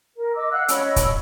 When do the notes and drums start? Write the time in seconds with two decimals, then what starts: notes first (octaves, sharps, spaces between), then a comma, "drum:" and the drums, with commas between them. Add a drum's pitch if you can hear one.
0.15 A#4
0.35 D#5 D6 E6
0.51 F5 F#5 E6 F#6
0.68 C#4 D#5 B5 E6, drum: hi-hat
0.96 drum: kick C#1, hi-hat